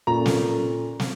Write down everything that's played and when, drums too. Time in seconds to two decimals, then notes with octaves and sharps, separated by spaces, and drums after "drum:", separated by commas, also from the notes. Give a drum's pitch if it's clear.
0.07 A#2 C#4 A4 A#5
0.26 drum: snare
1.00 drum: snare